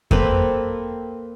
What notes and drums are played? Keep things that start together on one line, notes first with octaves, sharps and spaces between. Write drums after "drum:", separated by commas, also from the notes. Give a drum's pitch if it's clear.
A#3 C4 A4 B4, drum: kick F2